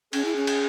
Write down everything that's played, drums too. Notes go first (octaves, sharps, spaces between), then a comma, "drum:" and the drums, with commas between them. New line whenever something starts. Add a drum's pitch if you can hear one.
C#4 G#4, drum: cymbal
E4
C#4
drum: cymbal